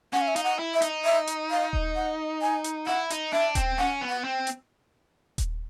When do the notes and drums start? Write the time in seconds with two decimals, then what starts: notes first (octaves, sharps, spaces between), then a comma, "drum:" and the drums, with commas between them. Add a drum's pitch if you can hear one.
0.13 C#4 F#5
0.21 F5
0.28 E5
0.36 D#4 F5, drum: hi-hat
0.44 F#5
0.59 E4
0.74 E5
0.82 D#4, drum: hi-hat
1.05 E5
1.27 drum: hi-hat
1.51 F5
1.73 drum: kick D#1
1.96 F#5
2.41 G#5
2.64 drum: hi-hat
2.87 E4 F#5
3.10 D#4, drum: hi-hat
3.32 D4 E5
3.55 C4, drum: kick D#1, hi-hat
3.78 C#4 F#5
4.01 B3
4.09 F#5
4.24 C4
4.47 drum: hi-hat
5.38 drum: kick D#1, hi-hat